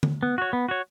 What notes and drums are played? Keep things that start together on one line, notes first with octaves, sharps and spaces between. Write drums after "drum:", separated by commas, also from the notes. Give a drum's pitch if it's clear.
drum: tom D3
B3
F#4 C#5
B3
F#4 C#5